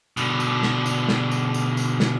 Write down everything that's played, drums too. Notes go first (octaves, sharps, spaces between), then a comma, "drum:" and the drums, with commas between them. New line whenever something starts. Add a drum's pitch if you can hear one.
B2 D3, drum: tambourine
drum: tambourine
drum: snare
drum: tambourine
drum: snare
drum: tambourine
drum: tambourine
drum: tambourine
drum: snare